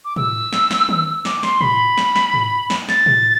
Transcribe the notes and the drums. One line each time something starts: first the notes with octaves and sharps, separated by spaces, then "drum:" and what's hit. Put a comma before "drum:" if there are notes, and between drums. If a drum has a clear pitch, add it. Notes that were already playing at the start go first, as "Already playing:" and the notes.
D6
E6, drum: tom A2
drum: snare
drum: snare
drum: tom D#3
D6, drum: snare
C6, drum: snare
B5, drum: tom A2
drum: snare
drum: snare
drum: tom G#2
drum: snare
A6, drum: snare
drum: tom A2